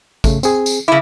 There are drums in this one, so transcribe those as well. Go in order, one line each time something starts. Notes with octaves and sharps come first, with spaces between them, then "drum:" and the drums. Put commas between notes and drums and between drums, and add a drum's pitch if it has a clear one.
C#3 A3, drum: kick, tambourine
C4 G#4, drum: tambourine
drum: tambourine
C#3 E4 D6